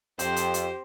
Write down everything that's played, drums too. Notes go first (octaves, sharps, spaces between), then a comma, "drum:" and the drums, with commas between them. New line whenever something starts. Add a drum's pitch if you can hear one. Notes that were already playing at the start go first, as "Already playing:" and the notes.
F2 C4 G4 C5, drum: hi-hat
drum: hi-hat
drum: hi-hat